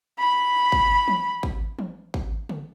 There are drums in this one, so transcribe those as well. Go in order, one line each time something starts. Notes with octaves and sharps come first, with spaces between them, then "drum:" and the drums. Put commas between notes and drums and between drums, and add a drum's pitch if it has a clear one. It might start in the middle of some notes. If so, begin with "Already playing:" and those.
B5
drum: kick G#1
drum: tom E3
drum: kick G#1
drum: tom E3
drum: kick G#1
drum: tom C#3